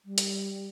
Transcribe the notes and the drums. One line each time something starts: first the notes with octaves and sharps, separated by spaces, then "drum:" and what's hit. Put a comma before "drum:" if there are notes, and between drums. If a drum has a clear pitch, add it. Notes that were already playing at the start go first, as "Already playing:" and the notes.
G3
drum: hi-hat